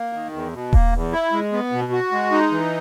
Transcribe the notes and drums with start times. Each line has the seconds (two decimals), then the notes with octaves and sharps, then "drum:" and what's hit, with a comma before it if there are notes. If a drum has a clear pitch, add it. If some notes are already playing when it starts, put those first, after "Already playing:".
Already playing: A#3
0.13 D#3
0.33 E2
0.53 B2
0.73 A#3, drum: kick D#1
0.92 E2
1.12 E4
1.32 G#3
1.53 B3
1.72 B2
1.92 F#4
2.12 G#3
2.32 D#4
2.51 E3